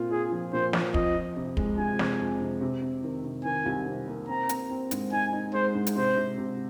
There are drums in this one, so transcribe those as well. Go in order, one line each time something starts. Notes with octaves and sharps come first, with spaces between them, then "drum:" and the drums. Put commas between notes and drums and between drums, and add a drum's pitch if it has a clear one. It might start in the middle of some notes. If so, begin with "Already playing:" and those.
Already playing: A#2 C4 F4
F4 G#4
F3
A#2 C5
F3, drum: snare
F2 D#5, drum: kick
F2
C3
G#3, drum: kick
C3 G#5
C3, drum: snare
F2
C3
C3
C3
D#3
C3
D#3 G#5
C2
C3
A#3
C4 A#5
C4, drum: hi-hat
C4
G#2, drum: hi-hat
D#4 G#5
D#4
G#3 C5
G#2
drum: hi-hat
C3 C5
C3
C3